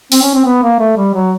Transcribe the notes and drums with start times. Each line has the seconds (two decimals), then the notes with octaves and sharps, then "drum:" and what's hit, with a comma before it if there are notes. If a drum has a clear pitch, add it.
0.12 C4, drum: open hi-hat
0.22 C#4
0.34 C4
0.45 B3
0.63 A#3
0.79 A3
0.97 G3
1.14 F#3